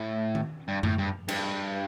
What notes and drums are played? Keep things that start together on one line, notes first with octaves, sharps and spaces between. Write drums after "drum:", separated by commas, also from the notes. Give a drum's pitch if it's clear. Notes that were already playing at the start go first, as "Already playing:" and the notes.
Already playing: A2
drum: tom D#3
G2
A2, drum: tom F#2
G2
G2, drum: cymbal